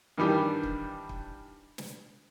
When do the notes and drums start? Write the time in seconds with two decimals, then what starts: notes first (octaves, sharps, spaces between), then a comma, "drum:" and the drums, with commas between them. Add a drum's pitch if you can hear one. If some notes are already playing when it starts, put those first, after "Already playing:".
0.18 G2 D#3 E3 G3 D4 G4
0.63 drum: kick
1.09 drum: kick
1.78 drum: snare